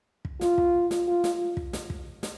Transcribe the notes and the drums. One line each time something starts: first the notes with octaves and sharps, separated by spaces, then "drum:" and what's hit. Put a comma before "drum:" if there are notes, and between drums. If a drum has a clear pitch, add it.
drum: kick
F4, drum: snare
drum: kick
drum: snare
F4
drum: snare
drum: kick
drum: snare
drum: kick
drum: snare